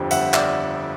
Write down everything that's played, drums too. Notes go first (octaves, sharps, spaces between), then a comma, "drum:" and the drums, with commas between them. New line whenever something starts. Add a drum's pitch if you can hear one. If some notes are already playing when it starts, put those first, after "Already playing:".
Already playing: G1 F2 D3 G3 G5
G1 E5 F#5, drum: hi-hat
D5 E5, drum: clap